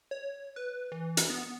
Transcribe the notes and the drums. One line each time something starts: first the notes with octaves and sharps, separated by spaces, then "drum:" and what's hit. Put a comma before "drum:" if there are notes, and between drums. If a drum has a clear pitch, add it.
C#5
B4
E3
drum: hi-hat
B3